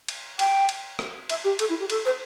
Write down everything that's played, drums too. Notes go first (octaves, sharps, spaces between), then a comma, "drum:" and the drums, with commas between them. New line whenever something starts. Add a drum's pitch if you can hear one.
drum: cymbal
G5, drum: cymbal
drum: cymbal
drum: rim click
E5, drum: cymbal
G4
A4, drum: cymbal
E4
G4
A4, drum: cymbal
C5